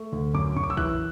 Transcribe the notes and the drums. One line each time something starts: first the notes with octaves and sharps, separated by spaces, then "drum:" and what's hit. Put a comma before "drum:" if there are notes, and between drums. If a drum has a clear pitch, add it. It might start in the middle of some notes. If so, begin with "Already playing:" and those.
Already playing: A3 C#6
D2
F#2 D6
F#2 C#6
D6
E6
E3 F#6, drum: kick A#1